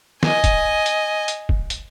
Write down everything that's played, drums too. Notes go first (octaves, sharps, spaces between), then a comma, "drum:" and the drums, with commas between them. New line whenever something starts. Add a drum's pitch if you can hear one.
D#5 G#5, drum: snare
drum: kick, hi-hat
drum: hi-hat
drum: hi-hat
drum: kick
drum: hi-hat